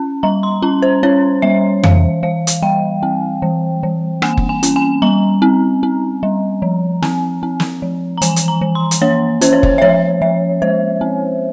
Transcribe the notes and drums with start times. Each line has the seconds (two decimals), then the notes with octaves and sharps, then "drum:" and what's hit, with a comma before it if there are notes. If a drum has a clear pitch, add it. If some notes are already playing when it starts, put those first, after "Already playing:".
Already playing: C#4
0.23 G3 A#5
0.43 C6
0.62 C#4 A#5
0.82 C5
1.03 C#4 C#5
1.42 G3 E5
1.83 E3 F5, drum: tom F2
2.23 E3 F5
2.47 drum: hi-hat
2.62 G3 G5
3.03 C4
3.42 E3
3.83 E3
4.22 A#3 G#5, drum: rim click
4.37 drum: kick F#1
4.49 G#5
4.63 C#4, drum: hi-hat
4.76 G#5
5.02 G3 A#5
5.42 C4
5.83 C4
6.23 G3
6.62 F3
7.02 C4, drum: snare
7.43 C4
7.60 drum: snare
7.82 F3
8.18 A#5
8.22 E3 G#5, drum: hi-hat
8.36 drum: hi-hat
8.48 A#5
8.61 E3
8.75 C6
8.91 drum: hi-hat
9.02 A#3 C#5
9.41 C#4 C5, drum: hi-hat
9.53 C#5
9.63 C5, drum: kick F#1
9.78 E5
9.82 F3 C#5
10.21 F3 E5
10.62 G#3 C5
11.01 C4